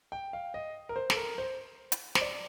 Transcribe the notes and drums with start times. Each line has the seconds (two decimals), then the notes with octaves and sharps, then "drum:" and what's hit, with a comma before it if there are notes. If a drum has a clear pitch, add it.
0.12 G5
0.33 F5
0.54 D#5
0.89 A#4
0.96 C5
1.10 A4, drum: snare
1.16 A#4
1.38 C5
1.92 drum: hi-hat
2.15 C5, drum: snare
2.21 D5